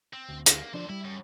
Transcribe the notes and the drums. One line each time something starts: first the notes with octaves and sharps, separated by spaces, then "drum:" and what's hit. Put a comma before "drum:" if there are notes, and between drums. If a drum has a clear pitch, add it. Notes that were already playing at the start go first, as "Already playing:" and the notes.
C4
D2
A#3, drum: hi-hat
D3 F3 D4 C5 D5
G3 E4
F#2